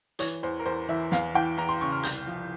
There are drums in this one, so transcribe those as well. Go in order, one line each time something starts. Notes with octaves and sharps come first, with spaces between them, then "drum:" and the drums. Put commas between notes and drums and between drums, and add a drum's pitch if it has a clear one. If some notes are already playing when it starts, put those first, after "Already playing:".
E3 C#5, drum: hi-hat
E2 C5
A#4
E2 C5
E3 E5
E2 F5, drum: snare
E3 G5
E2 A#5
C6
C#3 C#6
F6
C2 G6, drum: hi-hat
F3